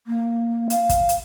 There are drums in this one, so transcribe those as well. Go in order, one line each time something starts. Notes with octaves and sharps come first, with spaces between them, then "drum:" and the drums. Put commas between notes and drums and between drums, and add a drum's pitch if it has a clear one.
A#3
F5, drum: hi-hat
drum: kick, hi-hat
drum: hi-hat